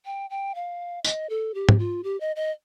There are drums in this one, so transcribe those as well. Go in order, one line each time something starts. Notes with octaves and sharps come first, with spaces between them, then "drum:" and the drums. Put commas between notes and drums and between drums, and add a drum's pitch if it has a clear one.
G5
G5
F5
D#5, drum: tambourine
A4
G4
drum: tom
F4
G4
D#5
D#5